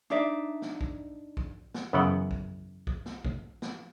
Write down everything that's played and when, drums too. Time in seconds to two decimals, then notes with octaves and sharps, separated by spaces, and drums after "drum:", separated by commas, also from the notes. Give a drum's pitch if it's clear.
0.10 D4 D#4 D5 E5
0.62 drum: snare
0.81 drum: kick
1.37 drum: kick
1.74 drum: snare
1.93 F#2 C#3 E3 B3 F#5 G5
2.31 drum: kick
2.87 drum: kick
3.06 drum: snare
3.25 drum: kick
3.62 drum: snare